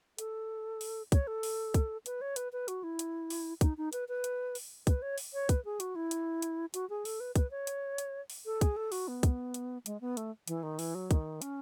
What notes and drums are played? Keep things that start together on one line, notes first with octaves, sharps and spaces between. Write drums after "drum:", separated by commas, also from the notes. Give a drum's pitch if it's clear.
A4, drum: hi-hat
drum: open hi-hat
C#5, drum: kick, hi-hat
A4
drum: open hi-hat
drum: kick, hi-hat
B4, drum: hi-hat
C#5
B4, drum: hi-hat
B4
F#4, drum: hi-hat
E4
drum: hi-hat
drum: open hi-hat
D#4, drum: kick, hi-hat
D#4
B4, drum: hi-hat
B4
drum: hi-hat
drum: open hi-hat
B4, drum: kick, hi-hat
C#5
drum: open hi-hat
C#5
B4, drum: kick, hi-hat
G#4
F#4, drum: hi-hat
E4
drum: hi-hat
drum: hi-hat
F#4, drum: hi-hat
G#4
A4, drum: open hi-hat
B4
B4, drum: kick, hi-hat
C#5
drum: hi-hat
drum: hi-hat
drum: open hi-hat
A4
G#4, drum: kick, hi-hat
A4
F#4, drum: open hi-hat
B3
drum: kick, hi-hat
drum: hi-hat
G#3, drum: hi-hat
B3
A3, drum: hi-hat
E3, drum: hi-hat
D#3
E3, drum: open hi-hat
F#3
D#3, drum: kick, hi-hat
C#4, drum: hi-hat